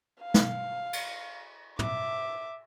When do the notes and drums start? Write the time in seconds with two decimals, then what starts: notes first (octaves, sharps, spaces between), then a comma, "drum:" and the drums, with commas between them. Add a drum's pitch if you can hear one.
0.20 F5
0.34 drum: snare
0.93 drum: cymbal
1.79 E5 D6, drum: tom